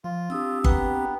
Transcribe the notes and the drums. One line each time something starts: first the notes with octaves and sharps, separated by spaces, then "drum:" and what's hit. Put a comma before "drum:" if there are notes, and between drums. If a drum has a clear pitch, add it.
F3 F4
C4 D4 G4 D#6 E6
B3 B4 G5 A#5, drum: kick G1